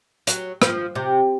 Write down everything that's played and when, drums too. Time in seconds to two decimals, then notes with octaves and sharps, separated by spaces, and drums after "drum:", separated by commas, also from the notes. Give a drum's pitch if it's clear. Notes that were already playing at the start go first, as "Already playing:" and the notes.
0.27 F#3, drum: hi-hat
0.62 F3, drum: rim click
0.95 C3